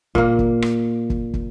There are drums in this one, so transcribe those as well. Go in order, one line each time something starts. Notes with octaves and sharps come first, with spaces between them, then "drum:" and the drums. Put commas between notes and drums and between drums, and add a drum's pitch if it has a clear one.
A#2 A#3, drum: kick
drum: kick
drum: rim click
drum: kick
drum: kick